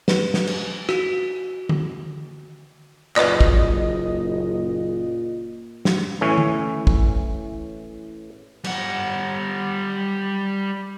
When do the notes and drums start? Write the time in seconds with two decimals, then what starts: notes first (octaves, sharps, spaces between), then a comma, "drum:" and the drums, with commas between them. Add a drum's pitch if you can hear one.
0.08 B4, drum: snare
0.34 drum: snare
0.47 drum: cymbal
0.89 F#4, drum: rim click
1.69 drum: tom D3
3.16 F#1 A#2 B4 D5 D#5, drum: clap
3.41 drum: kick
5.85 drum: snare
6.21 A2 E3 C#4 C#5
6.38 drum: tom D3
6.87 drum: kick
8.64 G3 F#5, drum: cymbal